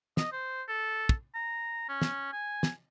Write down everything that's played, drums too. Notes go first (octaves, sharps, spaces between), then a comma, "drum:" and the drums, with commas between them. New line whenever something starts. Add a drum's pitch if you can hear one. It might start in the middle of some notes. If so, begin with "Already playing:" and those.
D#5, drum: snare
C5
A4
drum: kick
A#5
C#4
drum: snare
G#5
drum: snare